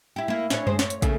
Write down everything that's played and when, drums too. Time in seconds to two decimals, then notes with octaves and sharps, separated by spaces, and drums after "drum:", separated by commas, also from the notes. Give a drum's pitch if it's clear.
0.16 E4 G4
0.28 A#3 E4
0.50 C#4 D4 C#5, drum: snare
0.67 D2 G#3 C5, drum: tom F#2
0.79 C#5, drum: snare
0.90 drum: hi-hat
1.02 C#3 A3 A#3, drum: kick, hi-hat